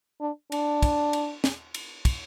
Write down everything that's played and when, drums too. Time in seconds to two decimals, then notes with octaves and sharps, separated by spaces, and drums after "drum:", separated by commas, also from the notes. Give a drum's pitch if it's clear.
0.21 D4
0.52 D4, drum: cymbal
0.83 drum: kick, cymbal
1.13 drum: cymbal
1.44 drum: snare
1.74 drum: cymbal
2.05 drum: kick, cymbal